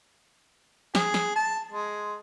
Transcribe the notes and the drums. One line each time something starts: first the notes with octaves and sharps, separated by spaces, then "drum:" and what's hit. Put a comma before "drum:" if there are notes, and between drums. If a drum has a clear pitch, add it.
G#4, drum: snare
drum: snare
A5
G#3